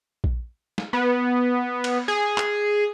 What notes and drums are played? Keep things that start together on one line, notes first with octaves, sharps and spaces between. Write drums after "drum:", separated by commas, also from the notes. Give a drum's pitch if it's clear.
drum: kick A#1
drum: snare
B3
drum: cymbal
G#4
drum: clap